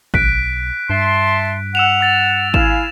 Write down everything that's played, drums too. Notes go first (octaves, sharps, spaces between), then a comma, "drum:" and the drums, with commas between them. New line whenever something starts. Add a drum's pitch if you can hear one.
B1 F#6 B6 D7, drum: kick G#1
G2 E5 A5 C6
F#5 E6 E7 F7
E6 A6 F7
E4 F5 G#5 E7, drum: kick G#1